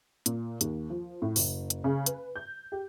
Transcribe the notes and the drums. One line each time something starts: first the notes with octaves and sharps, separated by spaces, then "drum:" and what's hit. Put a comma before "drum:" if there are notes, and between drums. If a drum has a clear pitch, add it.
A#2, drum: hi-hat
D#2, drum: hi-hat
F3
A2
F#1, drum: open hi-hat
drum: hi-hat
C#3
B4, drum: hi-hat
G6
G4